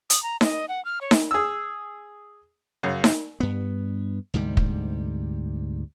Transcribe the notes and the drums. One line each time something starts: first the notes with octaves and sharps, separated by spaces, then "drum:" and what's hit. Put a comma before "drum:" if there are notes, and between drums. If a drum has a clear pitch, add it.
D#6, drum: hi-hat
A#5
D#5, drum: snare D#4
F#5
F6
C#5
drum: snare D#4
G#4 E6
F#2 C#3
drum: snare D#4
G2 B3
D2 G#2 C3 G3
drum: kick